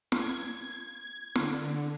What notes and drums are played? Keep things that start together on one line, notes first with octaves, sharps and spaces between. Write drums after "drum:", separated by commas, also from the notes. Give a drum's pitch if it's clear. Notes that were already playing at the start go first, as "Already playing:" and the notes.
G#6, drum: snare
D3, drum: snare